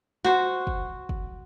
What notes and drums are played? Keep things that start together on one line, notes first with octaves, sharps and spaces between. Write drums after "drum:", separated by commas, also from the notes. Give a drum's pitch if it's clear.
F#4 C5, drum: snare
drum: kick
drum: kick